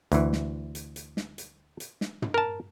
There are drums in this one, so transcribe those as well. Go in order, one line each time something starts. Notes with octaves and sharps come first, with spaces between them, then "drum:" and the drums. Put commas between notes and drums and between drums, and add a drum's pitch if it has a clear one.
D2 E3, drum: hi-hat
drum: snare
drum: hi-hat
drum: hi-hat
drum: snare
drum: hi-hat
drum: hi-hat
drum: snare
drum: tom
A#4 A5